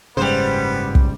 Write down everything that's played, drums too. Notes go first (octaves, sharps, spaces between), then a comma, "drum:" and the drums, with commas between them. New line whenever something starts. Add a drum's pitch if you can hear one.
F#1 G#2 C#3 G3 B3 C5
drum: kick